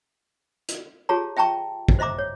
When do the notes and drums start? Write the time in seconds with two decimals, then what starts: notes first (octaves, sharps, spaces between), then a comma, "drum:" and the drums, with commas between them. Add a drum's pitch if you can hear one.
0.69 drum: hi-hat
1.09 F4 G4 G#4 C#5 A5 A#5
1.37 E5 G5 A5 A#5 C#6
1.89 drum: kick
1.99 C5 D#5 E5 A#5 D6
2.18 C#5